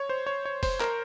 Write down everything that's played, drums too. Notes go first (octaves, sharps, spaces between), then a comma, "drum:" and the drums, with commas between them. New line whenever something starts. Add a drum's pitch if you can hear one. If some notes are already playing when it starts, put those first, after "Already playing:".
Already playing: C#5
C5
C#5
C#5
C5, drum: kick F1, open hi-hat
A#4, drum: clap